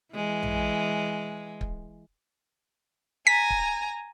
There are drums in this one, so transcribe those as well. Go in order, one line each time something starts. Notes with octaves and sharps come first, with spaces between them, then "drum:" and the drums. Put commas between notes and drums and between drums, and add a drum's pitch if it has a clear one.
E3 G#3
drum: tom A#1
drum: kick
G#5 A#5 B6
drum: kick